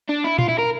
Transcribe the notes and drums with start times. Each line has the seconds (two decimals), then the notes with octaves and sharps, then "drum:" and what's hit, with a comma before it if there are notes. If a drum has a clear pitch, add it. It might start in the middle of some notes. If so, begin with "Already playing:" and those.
0.09 D4
0.24 E4
0.39 F4, drum: tom A#2
0.48 E4
0.58 A#4